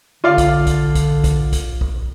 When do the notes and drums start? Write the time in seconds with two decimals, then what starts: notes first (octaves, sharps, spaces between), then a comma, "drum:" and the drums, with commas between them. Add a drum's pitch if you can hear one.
0.24 D3 F4 D5 F5
0.38 drum: kick, hi-hat
0.67 drum: kick, hi-hat
0.95 drum: kick, hi-hat
1.24 drum: kick, hi-hat
1.53 drum: kick, hi-hat
1.81 drum: kick